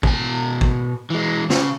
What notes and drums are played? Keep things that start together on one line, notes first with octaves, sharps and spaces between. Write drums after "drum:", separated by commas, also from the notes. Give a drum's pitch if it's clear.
B2 G#5, drum: kick
drum: kick
E3 G#3
C#3, drum: snare